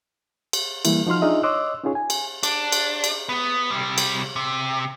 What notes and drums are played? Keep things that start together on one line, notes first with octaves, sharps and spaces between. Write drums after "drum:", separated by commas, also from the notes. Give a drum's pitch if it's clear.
drum: cymbal
E3 G3 A#3 E4, drum: cymbal
F3 D#4 F#4 C6 F6
D4 D#4 F4 G#4 D#5 E5
C#5 D#5 C6 D6 E6 F#6
C#4 D#4 F4 G#4 C#5
G#5
drum: cymbal
D4, drum: cymbal
drum: cymbal
drum: cymbal
B3
C3 G3
drum: cymbal
C3